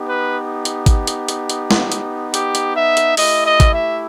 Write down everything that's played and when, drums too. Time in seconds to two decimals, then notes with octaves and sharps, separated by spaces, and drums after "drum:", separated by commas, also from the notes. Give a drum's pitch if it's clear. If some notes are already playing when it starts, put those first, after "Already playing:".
Already playing: B3 D#4 G4
0.09 B4
0.65 drum: hi-hat
0.86 drum: kick G#1, hi-hat
1.07 drum: hi-hat
1.28 drum: hi-hat
1.50 drum: hi-hat
1.71 drum: snare
1.92 drum: hi-hat
2.34 G4, drum: hi-hat
2.55 drum: hi-hat
2.76 E5
2.97 drum: hi-hat
3.17 A3 E4 G4 D#5, drum: open hi-hat
3.46 D#5
3.60 drum: kick G#1, hi-hat
3.74 E5